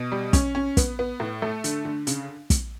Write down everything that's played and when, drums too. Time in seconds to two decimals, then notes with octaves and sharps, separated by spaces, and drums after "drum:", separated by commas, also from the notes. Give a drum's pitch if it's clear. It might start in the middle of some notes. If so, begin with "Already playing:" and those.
Already playing: B2
0.12 G3
0.33 C#4, drum: kick, hi-hat
0.55 C#4
0.77 B3, drum: kick, hi-hat
0.99 B3
1.20 A2
1.42 A3
1.64 D3, drum: hi-hat
1.85 D3
2.07 C#3, drum: hi-hat
2.50 drum: kick, hi-hat